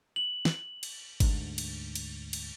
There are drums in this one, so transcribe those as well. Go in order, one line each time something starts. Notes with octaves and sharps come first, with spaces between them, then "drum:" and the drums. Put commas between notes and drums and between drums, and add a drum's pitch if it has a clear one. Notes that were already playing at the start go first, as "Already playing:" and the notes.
F#7
drum: snare
drum: cymbal
D2 G#2 D3, drum: kick G#1, cymbal
drum: cymbal
drum: cymbal
drum: cymbal